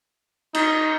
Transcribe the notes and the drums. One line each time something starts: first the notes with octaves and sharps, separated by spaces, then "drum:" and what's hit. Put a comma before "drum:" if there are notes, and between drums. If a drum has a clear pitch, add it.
D#4, drum: cymbal